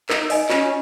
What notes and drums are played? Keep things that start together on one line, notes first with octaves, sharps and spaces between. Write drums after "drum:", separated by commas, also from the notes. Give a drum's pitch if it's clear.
D#4 A#4, drum: clap
D#5 G#5, drum: open hi-hat
C#4 F4, drum: clap